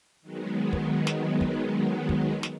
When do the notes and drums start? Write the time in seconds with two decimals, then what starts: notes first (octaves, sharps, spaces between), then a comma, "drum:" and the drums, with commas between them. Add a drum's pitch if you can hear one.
0.22 D#3 F#3 G#3 B3
0.73 drum: kick
1.07 drum: snare
1.41 drum: kick
2.09 drum: kick
2.43 drum: snare